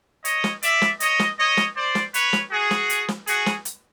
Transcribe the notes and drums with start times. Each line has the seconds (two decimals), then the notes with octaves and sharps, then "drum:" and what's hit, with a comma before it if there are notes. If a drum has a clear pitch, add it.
0.25 C#5 D#5, drum: hi-hat
0.44 drum: snare
0.63 D5 E5, drum: hi-hat
0.82 drum: snare
1.00 C#5 D#5, drum: hi-hat
1.19 drum: snare
1.38 C#5 D#5
1.57 drum: snare
1.76 C5 D5
1.95 drum: snare
2.14 B4 C#5, drum: hi-hat
2.33 drum: snare
2.51 F#4 G#4
2.71 drum: snare
2.90 drum: hi-hat
3.08 drum: snare
3.27 F#4 G#4, drum: hi-hat
3.46 drum: snare
3.65 drum: hi-hat